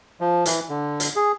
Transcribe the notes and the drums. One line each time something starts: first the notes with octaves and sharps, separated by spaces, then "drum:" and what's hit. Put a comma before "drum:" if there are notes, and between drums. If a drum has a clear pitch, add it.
F3
E3, drum: hi-hat
D3
drum: hi-hat
G#4